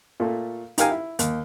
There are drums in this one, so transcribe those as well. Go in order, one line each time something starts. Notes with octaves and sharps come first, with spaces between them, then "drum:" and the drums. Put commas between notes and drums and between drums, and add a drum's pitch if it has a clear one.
A#2 A3
D#4 F4 G4 A#4 F5 G#5, drum: hi-hat
E4
D#2, drum: hi-hat